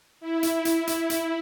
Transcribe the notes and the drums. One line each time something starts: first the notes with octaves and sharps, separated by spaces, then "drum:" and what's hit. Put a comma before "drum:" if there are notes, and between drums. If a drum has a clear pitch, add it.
E4
drum: hi-hat
drum: hi-hat
drum: hi-hat
drum: hi-hat